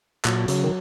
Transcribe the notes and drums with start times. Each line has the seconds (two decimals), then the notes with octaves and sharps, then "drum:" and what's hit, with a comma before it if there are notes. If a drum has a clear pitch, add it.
0.25 A#2 F#3, drum: clap
0.48 C#3 F#3, drum: hi-hat
0.64 D#3